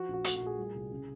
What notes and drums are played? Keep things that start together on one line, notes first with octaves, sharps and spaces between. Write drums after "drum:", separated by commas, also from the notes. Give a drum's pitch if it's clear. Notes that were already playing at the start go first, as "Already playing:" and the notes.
Already playing: F3 F#4
A#1
F#4
A3 F#4, drum: hi-hat
F#4
A#2
G#4
G3
C2
C#3